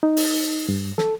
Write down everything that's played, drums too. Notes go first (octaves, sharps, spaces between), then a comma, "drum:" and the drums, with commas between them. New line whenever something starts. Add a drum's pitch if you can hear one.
D#4
drum: open hi-hat
G2
A4, drum: snare